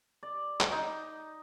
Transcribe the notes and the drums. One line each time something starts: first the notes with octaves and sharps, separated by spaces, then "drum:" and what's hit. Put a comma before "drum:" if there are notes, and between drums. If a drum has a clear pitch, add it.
D5
drum: clap
D#4